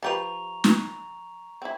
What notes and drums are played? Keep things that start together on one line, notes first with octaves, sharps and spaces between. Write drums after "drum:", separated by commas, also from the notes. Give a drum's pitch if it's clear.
F3 G4 B4 A#5 C#6 F7
drum: snare
C4 E4